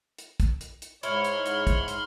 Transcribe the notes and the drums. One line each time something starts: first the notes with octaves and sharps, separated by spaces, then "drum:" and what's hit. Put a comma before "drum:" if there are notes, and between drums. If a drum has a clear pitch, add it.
drum: hi-hat
drum: kick, hi-hat
drum: hi-hat
drum: hi-hat
G#2 E4 C#5 B5 C6 F6, drum: hi-hat
drum: hi-hat
drum: hi-hat
drum: kick, hi-hat
drum: hi-hat